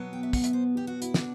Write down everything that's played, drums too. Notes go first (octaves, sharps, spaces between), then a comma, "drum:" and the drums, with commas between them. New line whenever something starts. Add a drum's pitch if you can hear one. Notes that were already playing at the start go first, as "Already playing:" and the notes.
Already playing: B2 F#3 B3
G5
E5
F#5, drum: kick, open hi-hat
E5, drum: hi-hat
C5
G4
F#4
E4, drum: hi-hat
D4, drum: snare